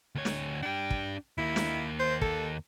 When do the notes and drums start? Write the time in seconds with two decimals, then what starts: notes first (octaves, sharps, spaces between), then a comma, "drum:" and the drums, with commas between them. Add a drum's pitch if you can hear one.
0.15 D2 C#5
0.25 drum: snare
0.63 D4 G4 G5
0.90 drum: kick
1.38 D#2 A#3 E4
1.56 drum: snare
2.00 C5
2.21 A4, drum: kick